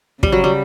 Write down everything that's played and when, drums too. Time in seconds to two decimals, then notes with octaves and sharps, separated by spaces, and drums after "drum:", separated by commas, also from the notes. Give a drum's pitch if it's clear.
0.23 C#3 G3, drum: kick
0.32 F#3
0.44 G3